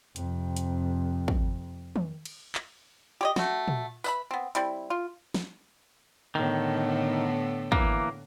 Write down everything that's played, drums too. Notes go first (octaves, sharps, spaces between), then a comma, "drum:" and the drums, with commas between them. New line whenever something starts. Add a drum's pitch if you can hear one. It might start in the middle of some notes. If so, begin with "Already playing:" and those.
F2 C3, drum: hi-hat
drum: hi-hat
drum: kick
drum: tom
drum: cymbal
drum: clap
G4 C#5 D#5
A3 F#4, drum: snare
drum: tom A#2
B4 E5 B5, drum: tambourine
B3 C4
G3 C4 E4, drum: hi-hat
F4
drum: snare
A2 D3 D#3 B3
E3 A#3, drum: kick